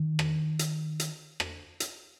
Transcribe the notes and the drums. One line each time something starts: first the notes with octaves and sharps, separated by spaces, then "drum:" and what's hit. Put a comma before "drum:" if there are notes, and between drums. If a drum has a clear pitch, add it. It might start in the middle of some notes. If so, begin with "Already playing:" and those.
Already playing: D#3
drum: rim click
drum: hi-hat
drum: hi-hat
drum: rim click
drum: hi-hat